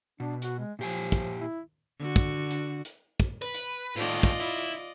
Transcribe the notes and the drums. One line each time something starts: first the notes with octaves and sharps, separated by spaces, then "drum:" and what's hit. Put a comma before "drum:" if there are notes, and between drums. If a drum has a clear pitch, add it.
B2 D4
F#4, drum: hi-hat
G#3
A#2 F3 G4 G#5
drum: kick, hi-hat
E4
D3 F#4
drum: kick, hi-hat
drum: hi-hat
drum: hi-hat
drum: kick, hi-hat
B4
drum: hi-hat
A2 D#3 F4 D5 D#5
drum: kick, hi-hat
E4
drum: hi-hat